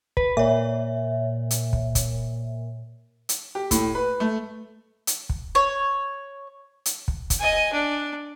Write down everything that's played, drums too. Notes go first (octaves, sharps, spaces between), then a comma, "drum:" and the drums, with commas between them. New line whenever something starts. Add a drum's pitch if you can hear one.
B4, drum: kick
A#2 C#5 E5
drum: hi-hat
drum: kick
drum: kick, hi-hat
drum: hi-hat
G4
A2, drum: kick, hi-hat
B4
A3
drum: hi-hat
drum: kick
C#5
drum: hi-hat
drum: kick
drum: kick, hi-hat
D#5 G#5
D4